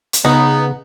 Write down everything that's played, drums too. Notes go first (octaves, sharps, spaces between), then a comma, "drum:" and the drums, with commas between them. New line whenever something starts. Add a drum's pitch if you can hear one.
drum: hi-hat
C#3 B3 D#4